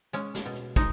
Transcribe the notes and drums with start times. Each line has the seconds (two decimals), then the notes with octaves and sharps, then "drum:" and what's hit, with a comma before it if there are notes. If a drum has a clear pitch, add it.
0.13 G#3 C#4, drum: hi-hat
0.35 drum: snare
0.45 B2
0.56 drum: hi-hat
0.76 G#3 D#4, drum: kick